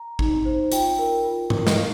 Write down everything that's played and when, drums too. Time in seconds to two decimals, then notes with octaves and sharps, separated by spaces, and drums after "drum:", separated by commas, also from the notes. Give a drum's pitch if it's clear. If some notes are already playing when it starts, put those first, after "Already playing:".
Already playing: A#5
0.19 D#4, drum: kick G#1
0.45 C5
0.72 F4 G5, drum: hi-hat
0.99 A#4
1.24 F4
1.50 A#4, drum: tom G2
1.67 D#5, drum: snare
1.76 D#4 F5